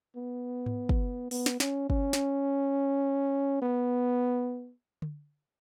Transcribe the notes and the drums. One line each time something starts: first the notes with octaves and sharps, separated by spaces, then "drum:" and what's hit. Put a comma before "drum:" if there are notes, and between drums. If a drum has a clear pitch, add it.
B3
drum: tom G#2
drum: kick
B3, drum: open hi-hat
drum: snare
C#4, drum: snare
C#4, drum: kick
drum: snare
B3
drum: tom D3